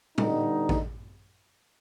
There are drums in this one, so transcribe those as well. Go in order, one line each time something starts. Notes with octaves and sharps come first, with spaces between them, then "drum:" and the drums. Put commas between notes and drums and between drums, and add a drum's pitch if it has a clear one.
D3 G3 B3 D#4, drum: tom
drum: kick A1